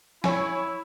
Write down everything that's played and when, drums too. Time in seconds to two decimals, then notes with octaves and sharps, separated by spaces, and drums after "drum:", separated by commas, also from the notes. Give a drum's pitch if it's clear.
0.24 E4 C#5 G#5, drum: snare